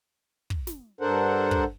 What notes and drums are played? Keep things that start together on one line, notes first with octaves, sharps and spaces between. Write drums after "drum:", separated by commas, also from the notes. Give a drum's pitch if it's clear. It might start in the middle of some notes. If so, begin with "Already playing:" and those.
drum: kick
drum: snare
G2 D4 A4 A#4 C5 F#5
drum: kick